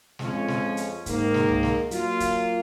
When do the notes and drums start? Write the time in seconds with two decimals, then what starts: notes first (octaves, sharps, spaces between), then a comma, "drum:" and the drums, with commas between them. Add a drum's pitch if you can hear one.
0.19 F2 F3 G#3 C#4, drum: snare
0.48 drum: snare
0.77 drum: hi-hat
1.06 G#2 D#3 A#3, drum: kick, hi-hat
1.34 drum: snare
1.49 drum: tom C2
1.63 drum: snare
1.91 F#3 A#3 F4, drum: hi-hat
2.20 drum: kick, hi-hat